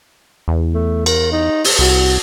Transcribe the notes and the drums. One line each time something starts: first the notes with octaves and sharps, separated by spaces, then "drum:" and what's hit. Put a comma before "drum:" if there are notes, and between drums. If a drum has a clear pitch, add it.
E2
A3
A#4, drum: cymbal
D#4
drum: open hi-hat
C2 F#4